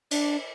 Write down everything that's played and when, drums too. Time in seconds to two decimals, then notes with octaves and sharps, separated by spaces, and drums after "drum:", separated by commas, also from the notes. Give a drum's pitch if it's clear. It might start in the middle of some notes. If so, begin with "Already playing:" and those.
0.11 D4, drum: cymbal